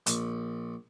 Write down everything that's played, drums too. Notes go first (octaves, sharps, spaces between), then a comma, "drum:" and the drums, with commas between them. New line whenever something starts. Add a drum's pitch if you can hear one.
A#1, drum: hi-hat